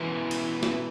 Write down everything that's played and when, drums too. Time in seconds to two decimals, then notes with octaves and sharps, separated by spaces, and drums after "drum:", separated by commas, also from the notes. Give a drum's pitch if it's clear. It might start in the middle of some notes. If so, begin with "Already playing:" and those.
Already playing: B2 E3 G#3 C#4 E4 A#4
0.31 drum: cymbal
0.63 drum: snare